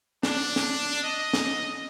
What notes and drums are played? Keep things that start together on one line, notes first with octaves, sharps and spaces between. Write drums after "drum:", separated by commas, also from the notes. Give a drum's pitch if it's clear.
D4, drum: snare
drum: snare
D#5
drum: snare